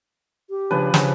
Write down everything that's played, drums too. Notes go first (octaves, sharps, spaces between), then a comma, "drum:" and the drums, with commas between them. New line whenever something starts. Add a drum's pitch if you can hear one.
G4
C#3 F3 D4 B4
C#3, drum: snare